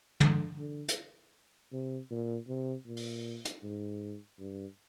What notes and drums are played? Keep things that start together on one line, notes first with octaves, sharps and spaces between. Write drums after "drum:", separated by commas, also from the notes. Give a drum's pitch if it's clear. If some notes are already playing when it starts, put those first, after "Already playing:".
D3, drum: tom
D3
drum: hi-hat
C3
A#2
C3
A#2
drum: open hi-hat
drum: hi-hat
G#2
G2